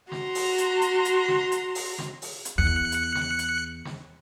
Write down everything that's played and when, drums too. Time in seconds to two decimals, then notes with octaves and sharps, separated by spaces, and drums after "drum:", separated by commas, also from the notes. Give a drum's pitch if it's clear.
0.12 F#4 A#5 C6, drum: snare
0.35 drum: open hi-hat
0.58 drum: hi-hat
0.82 drum: hi-hat
1.05 drum: hi-hat
1.28 drum: snare
1.52 drum: hi-hat
1.75 drum: open hi-hat
1.98 drum: snare
2.22 drum: open hi-hat
2.45 drum: hi-hat
2.58 E2 F#6 C#7
2.92 drum: hi-hat
3.15 drum: snare
3.39 drum: hi-hat
3.85 drum: snare